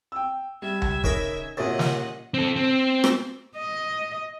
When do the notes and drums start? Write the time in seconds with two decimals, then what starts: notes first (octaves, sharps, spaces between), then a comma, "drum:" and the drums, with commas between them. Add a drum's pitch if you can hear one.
0.12 G5 E6
0.62 G3 E5 G#6
0.82 drum: tom C#2
1.04 C#3 D#4 A#4 B5, drum: kick
1.57 D#2 A#2 C#3 D#5 E5 F#5 A6
1.79 drum: snare
2.34 C4 A4
2.56 C4
3.04 drum: rim click
3.56 D#5